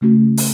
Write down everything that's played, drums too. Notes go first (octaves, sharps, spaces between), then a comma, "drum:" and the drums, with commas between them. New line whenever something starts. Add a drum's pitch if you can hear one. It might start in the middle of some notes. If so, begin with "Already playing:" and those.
C#3 A3 C#4 F#4
drum: open hi-hat